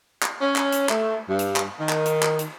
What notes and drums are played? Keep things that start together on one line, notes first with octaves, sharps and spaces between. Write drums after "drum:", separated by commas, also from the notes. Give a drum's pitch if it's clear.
drum: clap
C#4
drum: clap
drum: hi-hat
A3, drum: clap
G2
drum: hi-hat
drum: clap
D#3
drum: clap
drum: hi-hat
drum: clap
drum: hi-hat